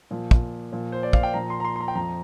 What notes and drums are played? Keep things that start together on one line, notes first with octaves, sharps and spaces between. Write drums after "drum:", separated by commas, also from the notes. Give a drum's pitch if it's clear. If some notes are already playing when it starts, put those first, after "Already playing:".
A#2 F3
drum: kick
A#2 F3
C5
D5
F5, drum: kick
G5
A#2 F3 A#5
C6
A#5
C6
C6
A#5
G5
F2 F3 A#5